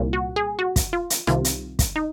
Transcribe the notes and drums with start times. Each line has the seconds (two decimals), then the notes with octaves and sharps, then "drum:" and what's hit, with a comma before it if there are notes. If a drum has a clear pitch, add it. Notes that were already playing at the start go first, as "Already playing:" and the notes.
Already playing: C2 A#2
0.13 F#4
0.36 G#4
0.59 F#4
0.76 drum: kick, hi-hat
0.93 F4
1.10 drum: hi-hat
1.27 C2 C3 D#3 F4, drum: rim click
1.45 drum: hi-hat
1.79 drum: kick, hi-hat
1.96 D#4